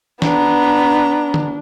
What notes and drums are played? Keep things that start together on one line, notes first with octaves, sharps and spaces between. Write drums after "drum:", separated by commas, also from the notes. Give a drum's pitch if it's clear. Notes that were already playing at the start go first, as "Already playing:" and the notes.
B3 D4 A#5, drum: snare
drum: tom D3